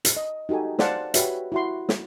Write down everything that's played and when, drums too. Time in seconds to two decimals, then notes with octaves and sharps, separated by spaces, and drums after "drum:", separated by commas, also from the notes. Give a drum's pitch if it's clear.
0.05 drum: hi-hat
0.17 D#5
0.49 D#4 F#4 G4 A4 G#5
0.79 C5 D5 F5 F#5 A5, drum: snare
1.14 F#4 G4 B4 C#5 E5, drum: hi-hat
1.52 E4 F#4 C6
1.89 drum: snare